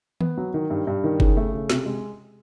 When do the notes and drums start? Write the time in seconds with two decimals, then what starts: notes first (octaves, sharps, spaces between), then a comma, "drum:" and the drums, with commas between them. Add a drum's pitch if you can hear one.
0.21 B3, drum: tom D#3
0.37 F#3
0.54 D#3
0.70 G2
0.87 G2
1.04 D#3
1.20 C#3, drum: kick F#1
1.37 A3
1.53 C#3
1.70 C3, drum: snare
1.86 G#3